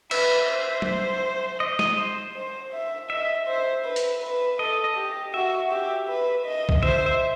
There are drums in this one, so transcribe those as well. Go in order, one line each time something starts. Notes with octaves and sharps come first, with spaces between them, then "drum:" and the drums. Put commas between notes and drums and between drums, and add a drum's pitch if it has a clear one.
B4 E5, drum: cymbal
C5
drum: tom F#3
D#5
D#5, drum: snare
C5
C5
E5
D#5 E5
C5
B4
drum: hi-hat
B4
A4 D#5
D#5
G4
F#4 E5
G4
B4
D#5
drum: kick
C5 E5, drum: tom D3
E5